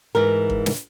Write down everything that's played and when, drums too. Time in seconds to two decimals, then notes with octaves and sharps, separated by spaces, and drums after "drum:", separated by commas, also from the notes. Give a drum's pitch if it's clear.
0.15 G#2 E3 A#4
0.50 drum: kick
0.66 drum: snare